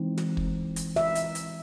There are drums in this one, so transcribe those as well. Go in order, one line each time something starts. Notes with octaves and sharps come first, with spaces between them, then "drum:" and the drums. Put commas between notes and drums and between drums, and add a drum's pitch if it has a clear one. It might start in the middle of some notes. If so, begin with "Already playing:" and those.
Already playing: E3 G#3 C4 D#4
drum: snare
drum: kick
drum: hi-hat
E5, drum: snare
drum: hi-hat
drum: hi-hat